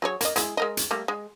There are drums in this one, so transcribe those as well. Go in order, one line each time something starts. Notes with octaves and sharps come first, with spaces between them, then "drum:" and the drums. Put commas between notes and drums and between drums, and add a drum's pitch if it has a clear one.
F#3 G#4 C#5
A#3 D#5, drum: hi-hat
G#3 E4 G#4, drum: hi-hat
G#3 A#4 D#5
drum: hi-hat
G3 A3 A#3
G#3